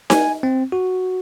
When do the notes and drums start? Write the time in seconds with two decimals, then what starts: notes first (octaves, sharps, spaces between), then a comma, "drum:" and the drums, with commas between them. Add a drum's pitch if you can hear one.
0.10 G#5, drum: snare D#4
0.43 C4
0.72 F#4